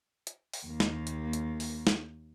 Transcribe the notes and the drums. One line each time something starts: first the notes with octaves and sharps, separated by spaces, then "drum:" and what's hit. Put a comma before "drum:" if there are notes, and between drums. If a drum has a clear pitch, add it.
drum: hi-hat
drum: open hi-hat
D#2 A#3
drum: snare
drum: hi-hat
drum: hi-hat
drum: open hi-hat
drum: snare